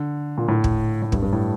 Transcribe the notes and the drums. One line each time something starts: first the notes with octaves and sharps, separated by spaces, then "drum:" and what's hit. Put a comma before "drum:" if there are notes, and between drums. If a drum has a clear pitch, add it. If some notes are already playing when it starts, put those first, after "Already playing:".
Already playing: D3
A#2
A2
drum: kick
A2
G2, drum: kick
G2
A2